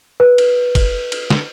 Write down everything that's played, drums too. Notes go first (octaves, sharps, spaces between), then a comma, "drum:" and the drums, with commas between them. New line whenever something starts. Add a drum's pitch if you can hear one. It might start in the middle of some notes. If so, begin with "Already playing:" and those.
B4
drum: cymbal
drum: kick G1, cymbal
drum: cymbal
drum: snare